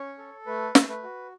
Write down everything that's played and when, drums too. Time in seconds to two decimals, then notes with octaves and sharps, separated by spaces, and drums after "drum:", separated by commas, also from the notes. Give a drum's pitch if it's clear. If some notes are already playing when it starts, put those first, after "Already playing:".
Already playing: C#4 C#5
0.18 A4
0.46 A3 B4
0.75 A3, drum: snare
0.89 B4
1.03 F#4